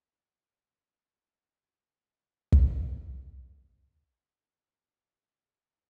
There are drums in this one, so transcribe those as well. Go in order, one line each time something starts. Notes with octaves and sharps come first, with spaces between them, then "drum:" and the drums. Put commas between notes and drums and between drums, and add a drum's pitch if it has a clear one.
G#3
A#2
drum: kick
G4 C#6
G#3
E4 F#4